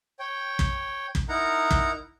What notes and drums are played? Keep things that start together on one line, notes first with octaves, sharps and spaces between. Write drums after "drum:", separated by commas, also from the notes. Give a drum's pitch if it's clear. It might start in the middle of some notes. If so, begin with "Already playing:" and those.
C#5 G5
drum: kick
drum: kick
D#4 E4 A#4 F#5 A#5
drum: kick